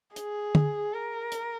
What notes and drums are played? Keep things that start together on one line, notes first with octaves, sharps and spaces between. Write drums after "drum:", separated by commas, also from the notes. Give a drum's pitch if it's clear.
G#4, drum: hi-hat
drum: tom D3
A#4
drum: hi-hat